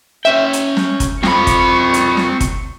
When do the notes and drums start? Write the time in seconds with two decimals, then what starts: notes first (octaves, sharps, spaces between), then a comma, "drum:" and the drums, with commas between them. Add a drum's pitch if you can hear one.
0.25 C#4 E5 G5
0.53 drum: hi-hat
0.77 drum: snare
1.00 drum: kick, hi-hat
1.23 F2 F3 C4 B5 C#6 C#7, drum: snare
1.47 drum: kick, hi-hat
1.94 drum: hi-hat
2.17 drum: snare
2.40 drum: kick, hi-hat